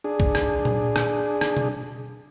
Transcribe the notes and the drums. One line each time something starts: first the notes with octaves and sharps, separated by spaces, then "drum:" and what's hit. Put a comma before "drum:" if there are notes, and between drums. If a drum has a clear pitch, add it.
D4 G#4
drum: kick B1
drum: rim click
drum: tom A#2
drum: rim click
drum: rim click
drum: tom B2